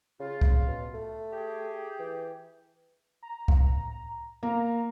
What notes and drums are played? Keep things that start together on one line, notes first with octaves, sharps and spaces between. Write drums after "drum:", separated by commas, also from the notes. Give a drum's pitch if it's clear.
C#3 F4
drum: kick C2
B2
A3
G4 G#4 G5
E3
A#5
drum: kick C2
A#3 A#5